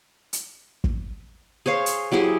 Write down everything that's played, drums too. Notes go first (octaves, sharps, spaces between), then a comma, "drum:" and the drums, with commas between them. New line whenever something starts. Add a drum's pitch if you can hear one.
drum: hi-hat
drum: kick
G#4 C5 C#5 F5
drum: hi-hat
F#3 E4 G4 G#4